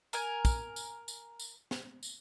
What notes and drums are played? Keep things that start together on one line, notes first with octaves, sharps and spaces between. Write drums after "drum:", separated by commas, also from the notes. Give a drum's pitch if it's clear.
A#4 G#5, drum: tambourine
drum: kick, tambourine
drum: tambourine
drum: tambourine
drum: tambourine
drum: snare
drum: tambourine